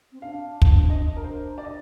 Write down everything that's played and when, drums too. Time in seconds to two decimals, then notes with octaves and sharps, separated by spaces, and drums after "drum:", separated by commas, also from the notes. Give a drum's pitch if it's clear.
0.12 C4
0.22 D4 F5
0.62 drum: kick
0.80 C4
0.89 D4 D#5
1.17 A#4
1.24 C5
1.57 D4 D5
1.65 D#5